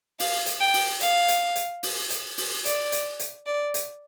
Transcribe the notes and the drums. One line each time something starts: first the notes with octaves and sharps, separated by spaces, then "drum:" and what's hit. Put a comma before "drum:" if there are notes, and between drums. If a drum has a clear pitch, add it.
F5, drum: open hi-hat
drum: hi-hat
G5
drum: open hi-hat
F5, drum: hi-hat
drum: hi-hat
drum: hi-hat
drum: open hi-hat
drum: hi-hat
drum: open hi-hat
D5, drum: hi-hat
drum: hi-hat
drum: hi-hat
D5
drum: hi-hat